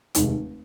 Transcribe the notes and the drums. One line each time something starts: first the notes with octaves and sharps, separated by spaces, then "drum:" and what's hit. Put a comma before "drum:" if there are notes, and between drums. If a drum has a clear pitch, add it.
F1 D#2 D#3 G#3, drum: hi-hat